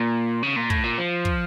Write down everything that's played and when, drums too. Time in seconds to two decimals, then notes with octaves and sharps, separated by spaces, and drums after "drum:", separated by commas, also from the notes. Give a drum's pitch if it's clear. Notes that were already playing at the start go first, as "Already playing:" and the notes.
Already playing: A#2
0.43 C#3
0.56 A#2
0.70 A2, drum: kick
0.84 A#2
0.98 F3
1.25 drum: kick